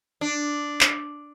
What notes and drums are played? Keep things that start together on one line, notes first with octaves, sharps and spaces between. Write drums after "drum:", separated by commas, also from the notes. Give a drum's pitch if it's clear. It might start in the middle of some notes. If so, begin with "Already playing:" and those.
D4
drum: clap